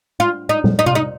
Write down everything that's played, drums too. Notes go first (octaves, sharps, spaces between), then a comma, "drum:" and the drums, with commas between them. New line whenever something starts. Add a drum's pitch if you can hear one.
F4
D#4
drum: tom
D#4
F4, drum: tom C3
D#4